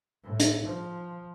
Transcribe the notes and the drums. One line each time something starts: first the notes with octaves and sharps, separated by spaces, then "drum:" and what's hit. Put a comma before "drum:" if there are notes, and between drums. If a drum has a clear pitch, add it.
A2
drum: hi-hat
F3